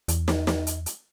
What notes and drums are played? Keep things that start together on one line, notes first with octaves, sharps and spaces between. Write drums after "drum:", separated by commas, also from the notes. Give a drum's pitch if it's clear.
E2, drum: hi-hat
drum: snare
drum: snare
drum: hi-hat
drum: hi-hat